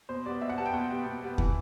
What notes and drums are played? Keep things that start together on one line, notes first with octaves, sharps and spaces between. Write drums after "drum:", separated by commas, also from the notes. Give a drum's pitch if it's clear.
B2 C5
G3 B3 D5
B2 E5
F#5
G3 B3 A5
G5
B2 F#5
G3 B3
B2
G3 B3
E3, drum: kick